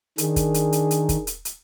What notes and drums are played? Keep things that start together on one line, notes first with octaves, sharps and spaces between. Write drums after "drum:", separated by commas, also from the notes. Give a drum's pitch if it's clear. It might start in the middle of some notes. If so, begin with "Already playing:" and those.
D#3 D4 G#4 A#4, drum: hi-hat
drum: kick, hi-hat
drum: hi-hat
drum: hi-hat
drum: hi-hat
drum: kick, hi-hat
drum: hi-hat
drum: hi-hat